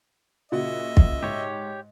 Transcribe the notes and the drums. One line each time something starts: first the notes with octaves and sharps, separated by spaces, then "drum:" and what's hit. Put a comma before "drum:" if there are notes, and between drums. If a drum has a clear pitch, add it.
A#2 C#3 F#4 D#5 E5
drum: kick
G#2 G4 C#5